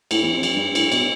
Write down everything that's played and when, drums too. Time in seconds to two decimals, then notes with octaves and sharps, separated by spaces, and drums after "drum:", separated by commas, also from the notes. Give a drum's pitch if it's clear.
0.11 A2, drum: cymbal
0.23 E2
0.32 F2
0.43 drum: cymbal
0.54 G2
0.75 A2, drum: cymbal
0.92 B2, drum: cymbal